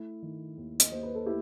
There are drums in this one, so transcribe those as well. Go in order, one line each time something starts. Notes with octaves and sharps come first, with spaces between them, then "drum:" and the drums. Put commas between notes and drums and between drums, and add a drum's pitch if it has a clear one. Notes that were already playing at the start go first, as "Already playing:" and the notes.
Already playing: A3 E4
D#3
D#2
D#5, drum: hi-hat
D#2 C5
B4
A4
A3 E4 G4